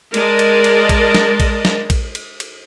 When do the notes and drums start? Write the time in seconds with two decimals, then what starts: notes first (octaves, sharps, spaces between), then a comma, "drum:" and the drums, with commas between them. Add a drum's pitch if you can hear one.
0.14 G#3 A#4 D5 D#5 A5, drum: cymbal
0.39 drum: cymbal
0.64 drum: cymbal
0.89 drum: kick, cymbal
1.15 drum: snare
1.40 drum: kick, cymbal
1.65 drum: snare
1.90 drum: kick, cymbal
2.15 drum: cymbal
2.40 drum: cymbal